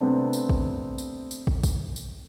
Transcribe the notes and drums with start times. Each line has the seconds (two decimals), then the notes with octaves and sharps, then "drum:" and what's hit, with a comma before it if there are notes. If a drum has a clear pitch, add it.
0.01 C3 A3 B3 C4 D4
0.33 drum: tambourine
0.49 drum: kick
0.98 drum: tambourine
1.31 drum: tambourine
1.47 drum: kick
1.63 drum: kick, tambourine
1.96 drum: tambourine